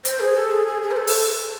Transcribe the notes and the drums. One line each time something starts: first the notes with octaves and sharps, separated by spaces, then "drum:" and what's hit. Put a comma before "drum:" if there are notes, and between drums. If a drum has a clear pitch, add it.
C5, drum: hi-hat
G#4
A4
G#4
G#4
G#4
C5
A4
drum: open hi-hat